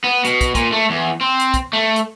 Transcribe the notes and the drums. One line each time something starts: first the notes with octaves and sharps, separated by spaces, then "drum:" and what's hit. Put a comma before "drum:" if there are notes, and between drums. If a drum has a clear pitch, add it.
B3
B2, drum: hi-hat
drum: kick, hi-hat
A#2, drum: kick, hi-hat
A3
E2
C4
drum: hi-hat
drum: kick, hi-hat
A3
drum: hi-hat